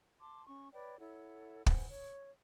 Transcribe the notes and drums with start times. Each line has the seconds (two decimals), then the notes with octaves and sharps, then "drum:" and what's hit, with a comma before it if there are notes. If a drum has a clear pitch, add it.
0.20 A5 C6 D6
0.47 C#4 C#6
0.72 B4 C#5 D5 G5
0.99 E4 A4 C#5 F#5
1.66 B4 C5 F#5 G#5, drum: kick
1.89 C#5